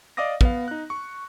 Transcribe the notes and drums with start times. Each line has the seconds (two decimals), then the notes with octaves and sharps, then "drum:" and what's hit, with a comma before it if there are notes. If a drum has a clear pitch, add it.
0.17 D5 D#5 F5 D6 D#6 A#6
0.41 B3 F5, drum: kick
0.68 D#4 F#6
0.90 C#6